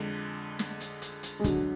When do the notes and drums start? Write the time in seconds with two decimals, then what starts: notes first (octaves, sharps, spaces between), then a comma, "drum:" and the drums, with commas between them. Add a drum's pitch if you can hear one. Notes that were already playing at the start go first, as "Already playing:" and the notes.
Already playing: F2 D3 G#3
0.59 drum: snare
0.80 drum: hi-hat
1.02 drum: hi-hat
1.23 drum: hi-hat
1.40 G#3
1.44 D3 F#3, drum: kick, hi-hat